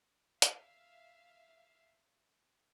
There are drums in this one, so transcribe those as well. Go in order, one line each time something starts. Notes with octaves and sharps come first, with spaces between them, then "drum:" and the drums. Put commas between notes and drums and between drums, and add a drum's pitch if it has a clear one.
E5 F5, drum: hi-hat